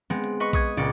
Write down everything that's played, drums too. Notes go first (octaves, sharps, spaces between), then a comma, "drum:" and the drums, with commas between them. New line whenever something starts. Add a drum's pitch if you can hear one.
G#3 B3 C4
drum: hi-hat
B4 D#5 C#6
C#6 D#6 G#6, drum: kick A#1
C#2 A#2 D5 C#7